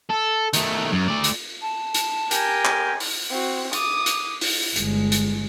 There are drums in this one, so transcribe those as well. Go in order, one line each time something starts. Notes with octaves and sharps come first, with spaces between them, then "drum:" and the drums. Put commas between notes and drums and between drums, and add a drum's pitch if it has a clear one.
A4
D#3 A3, drum: hi-hat
F#2
A3 D5
drum: hi-hat
A5
drum: hi-hat
G4 A#4 G#5, drum: hi-hat
drum: clap
drum: open hi-hat
C4 F#4
D6 D#6, drum: hi-hat
drum: hi-hat
drum: open hi-hat
G1 G#3, drum: hi-hat
drum: hi-hat